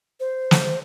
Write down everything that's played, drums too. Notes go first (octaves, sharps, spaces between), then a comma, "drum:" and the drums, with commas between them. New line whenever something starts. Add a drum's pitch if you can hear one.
C5
drum: snare